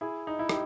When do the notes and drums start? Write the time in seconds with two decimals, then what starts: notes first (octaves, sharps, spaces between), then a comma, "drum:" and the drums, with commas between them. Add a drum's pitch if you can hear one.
0.01 E4 G#4
0.27 D#4
0.39 E4
0.49 D#4 G4, drum: rim click